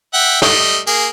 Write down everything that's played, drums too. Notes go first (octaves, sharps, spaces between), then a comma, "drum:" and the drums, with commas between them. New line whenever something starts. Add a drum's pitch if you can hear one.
E5 F#5 G5
G3 A3 D#5, drum: snare
A#3 G#4, drum: tambourine